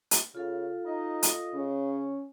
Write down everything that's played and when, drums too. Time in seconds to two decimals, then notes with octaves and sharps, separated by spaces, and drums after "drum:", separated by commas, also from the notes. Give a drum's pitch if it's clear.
0.11 drum: hi-hat
0.35 C#3 F4 A4 F5
0.85 D#4 D#5
1.23 drum: hi-hat
1.54 C#3 C#4